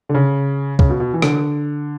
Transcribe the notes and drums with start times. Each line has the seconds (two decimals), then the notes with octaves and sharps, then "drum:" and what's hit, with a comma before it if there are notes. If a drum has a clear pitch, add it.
0.09 D3
0.14 C#3
0.79 C#3, drum: kick
0.89 B2
1.00 B2
1.14 E3
1.22 D3, drum: rim click